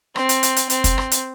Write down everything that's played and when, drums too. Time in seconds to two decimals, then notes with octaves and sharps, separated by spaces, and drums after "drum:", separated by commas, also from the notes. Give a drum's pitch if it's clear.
0.16 C4, drum: rim click
0.29 drum: hi-hat
0.43 drum: hi-hat
0.56 drum: hi-hat
0.70 C4, drum: hi-hat
0.84 drum: kick, hi-hat
0.98 drum: rim click
1.11 drum: hi-hat